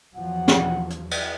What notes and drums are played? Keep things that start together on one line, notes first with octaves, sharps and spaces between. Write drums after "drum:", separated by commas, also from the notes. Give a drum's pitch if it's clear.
E2 F3 F#3 F#5
drum: snare
drum: hi-hat
drum: cymbal